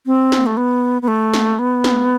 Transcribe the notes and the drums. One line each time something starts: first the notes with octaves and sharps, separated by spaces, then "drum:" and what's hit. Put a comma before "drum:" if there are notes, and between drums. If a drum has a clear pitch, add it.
C4
drum: snare
A3
B3
B3
A3
drum: snare
B3
drum: snare